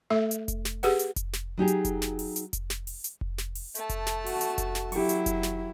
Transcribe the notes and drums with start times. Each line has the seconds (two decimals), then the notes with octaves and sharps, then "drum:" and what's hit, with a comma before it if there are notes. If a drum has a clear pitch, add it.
0.10 A3 A4 E5
0.31 drum: hi-hat
0.48 drum: kick F1, hi-hat
0.65 drum: snare
0.83 G4 G#4 B4 F#5, drum: open hi-hat
0.99 drum: hi-hat
1.16 drum: kick F1, hi-hat
1.33 drum: snare
1.57 F#3 D#4 G4 G#4
1.68 drum: hi-hat
1.85 drum: kick F1, hi-hat
2.02 drum: snare
2.19 drum: open hi-hat
2.36 drum: hi-hat
2.53 drum: kick F1, hi-hat
2.70 drum: snare
2.87 drum: open hi-hat
3.04 drum: hi-hat
3.21 drum: kick F1
3.38 drum: snare
3.55 drum: open hi-hat
3.75 A3 A5, drum: hi-hat
3.89 drum: kick F1, hi-hat
4.07 drum: snare
4.26 F#4, drum: open hi-hat
4.41 drum: hi-hat
4.58 drum: kick F1, hi-hat
4.75 drum: snare
4.92 F#3 E4 G4 C#6, drum: open hi-hat
5.09 drum: hi-hat
5.26 drum: kick F1, hi-hat
5.43 drum: snare